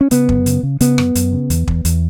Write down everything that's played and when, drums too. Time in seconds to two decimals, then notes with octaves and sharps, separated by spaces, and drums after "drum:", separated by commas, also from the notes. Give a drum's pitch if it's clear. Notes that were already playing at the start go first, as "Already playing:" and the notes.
0.01 C#4
0.11 C#3 B3, drum: hi-hat
0.29 F#2, drum: kick
0.46 C#3, drum: hi-hat
0.63 C#3
0.81 C#3 B3, drum: hi-hat
0.98 F#2, drum: rim click
1.15 F#2, drum: hi-hat
1.33 C#3
1.50 E2, drum: hi-hat
1.68 E2, drum: kick
1.85 E2, drum: hi-hat